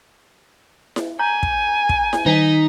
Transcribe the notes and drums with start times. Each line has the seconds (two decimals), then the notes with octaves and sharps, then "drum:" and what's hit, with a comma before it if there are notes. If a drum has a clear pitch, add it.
0.96 drum: snare E4
1.19 G#5 A#5 G6
1.43 drum: kick
1.89 drum: kick
2.13 drum: snare E4
2.26 D#3 D#4 B6